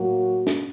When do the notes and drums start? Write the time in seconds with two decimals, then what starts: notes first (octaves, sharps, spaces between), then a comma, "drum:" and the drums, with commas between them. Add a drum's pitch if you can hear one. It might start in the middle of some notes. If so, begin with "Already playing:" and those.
Already playing: A2 F#3 A#3 F#4
0.47 drum: snare